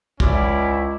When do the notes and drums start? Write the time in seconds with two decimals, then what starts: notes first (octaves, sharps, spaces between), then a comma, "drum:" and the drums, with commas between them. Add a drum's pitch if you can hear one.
0.20 C#2 C#4 E4 D5, drum: kick